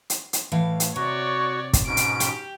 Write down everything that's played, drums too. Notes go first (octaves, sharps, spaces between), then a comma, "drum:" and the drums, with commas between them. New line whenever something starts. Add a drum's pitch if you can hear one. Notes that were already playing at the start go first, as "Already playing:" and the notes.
drum: hi-hat
drum: hi-hat
A2 E3 F5
drum: hi-hat
C3 F#4 C#5 D5 C#6
drum: kick, hi-hat
G#2 B2 C#4 D7
drum: hi-hat
G4, drum: hi-hat